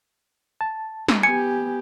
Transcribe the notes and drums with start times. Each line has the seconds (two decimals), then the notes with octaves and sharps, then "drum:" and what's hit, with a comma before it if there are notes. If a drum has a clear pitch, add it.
0.61 A5
1.08 drum: snare
1.23 B3 G4 G#5 C#7